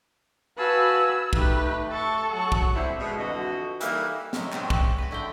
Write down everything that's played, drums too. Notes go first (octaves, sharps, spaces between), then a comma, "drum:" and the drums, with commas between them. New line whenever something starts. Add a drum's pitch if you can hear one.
F#4 B4 F5 G#5 A5 E6
A3 D#4 G4 B4, drum: kick
A4 C#6 A6
F#3 F#5 C#6
drum: kick
D3 G3 A3 C4 E4
B2 G#3
F2 D3 E3 F#4 D#5
E3 G3 A#3 D#4 E4 A4, drum: hi-hat
C3 F#3 G#3 E4, drum: snare
G#3 B3 C4 D4 E4 F#4, drum: clap
C#4, drum: kick
F#4 B4
D3 E4 D5 G5